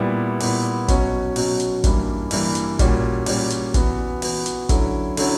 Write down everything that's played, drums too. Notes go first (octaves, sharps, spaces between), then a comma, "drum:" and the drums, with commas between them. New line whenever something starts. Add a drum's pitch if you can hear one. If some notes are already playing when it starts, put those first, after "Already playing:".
Already playing: A#2 G3 B3 E4
A#2 G3 B3 E4, drum: open hi-hat
B2 F#3 C#4 F#4, drum: kick, hi-hat
B2 F#3 C#4 F#4, drum: open hi-hat
drum: hi-hat
G2 E3 G3 A#3 E4, drum: kick, hi-hat
G2 E3 G3 A#3 E4, drum: open hi-hat
drum: hi-hat
A#2 G3 C#4 F#4, drum: kick, hi-hat
A#2 G3 C#4 F#4, drum: open hi-hat
drum: hi-hat
E3 B3 F#4, drum: kick, hi-hat
E3 B3 F#4, drum: open hi-hat
drum: hi-hat
D3 F#3 C#4 E4, drum: kick, hi-hat
D3 F#3 C#4 E4, drum: open hi-hat